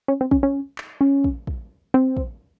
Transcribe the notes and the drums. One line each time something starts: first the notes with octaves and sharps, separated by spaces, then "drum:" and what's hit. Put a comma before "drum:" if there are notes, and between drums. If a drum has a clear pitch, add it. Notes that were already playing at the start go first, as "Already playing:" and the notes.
C#4
C4
C#4, drum: kick
C#4
drum: clap
C#4
drum: kick
drum: kick
C4
drum: kick